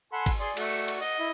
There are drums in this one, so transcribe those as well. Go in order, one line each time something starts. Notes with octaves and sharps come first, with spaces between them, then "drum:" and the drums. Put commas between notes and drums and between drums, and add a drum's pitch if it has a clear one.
A4 F#5 G#5 B5 C6
drum: kick, cymbal
G#4 D5 C6
A3 F#4, drum: cymbal
drum: cymbal
D#5 F#5
E4 E5